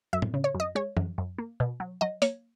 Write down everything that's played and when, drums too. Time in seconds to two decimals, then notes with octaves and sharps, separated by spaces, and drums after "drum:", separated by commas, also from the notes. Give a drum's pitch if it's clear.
0.13 F#2 E5
0.22 drum: tom A2
0.34 C#3
0.44 C#5
0.55 F#2
0.60 D#5
0.75 G#3 C#5
0.97 F#2, drum: tom
1.18 F#2
1.38 A#3
1.60 B2
1.80 F#3
2.01 F#3 D#5
2.22 A#3 C#5, drum: hi-hat